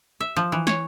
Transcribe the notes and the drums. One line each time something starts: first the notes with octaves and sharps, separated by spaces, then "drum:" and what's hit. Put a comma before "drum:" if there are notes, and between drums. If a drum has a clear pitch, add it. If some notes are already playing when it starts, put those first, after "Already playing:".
E5
F3
E3
C#5, drum: snare